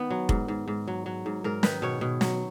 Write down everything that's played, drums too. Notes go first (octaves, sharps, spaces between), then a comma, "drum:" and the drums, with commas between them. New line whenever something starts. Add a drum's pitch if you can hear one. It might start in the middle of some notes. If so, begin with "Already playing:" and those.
Already playing: D#3 B3
F#3
G#2, drum: kick F1
G#2
G#2
F#3
F#3
G#2
G#2 A#4
D#3 B4, drum: snare
B2 C#5
B2
F#3, drum: snare